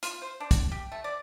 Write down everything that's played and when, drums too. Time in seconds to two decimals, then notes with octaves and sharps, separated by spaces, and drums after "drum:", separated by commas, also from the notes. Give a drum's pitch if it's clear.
0.03 F4, drum: hi-hat
0.22 C5
0.40 D4
0.51 drum: kick, hi-hat
0.72 G4
0.92 A3
1.04 D5